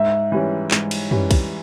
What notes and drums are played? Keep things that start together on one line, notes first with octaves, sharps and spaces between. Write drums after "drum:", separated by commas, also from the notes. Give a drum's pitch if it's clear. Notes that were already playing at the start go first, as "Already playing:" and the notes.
Already playing: G#2 E5
E3 G3 C#4
G#2, drum: clap
drum: cymbal
E3 G3 C#4, drum: tom
drum: kick B1, cymbal